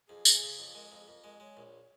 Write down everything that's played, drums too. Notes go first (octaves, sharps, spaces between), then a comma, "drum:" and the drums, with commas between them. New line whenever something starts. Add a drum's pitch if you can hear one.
F2 G#4
C#3, drum: tambourine
C#3
F2
G#3 A#4
F2 D#5
G#4
F2 A#4
G#3 A#4
G#3 C#5
A#1